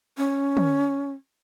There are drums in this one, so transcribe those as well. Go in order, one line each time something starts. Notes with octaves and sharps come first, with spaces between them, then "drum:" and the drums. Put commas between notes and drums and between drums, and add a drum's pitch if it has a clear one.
C#4
drum: tom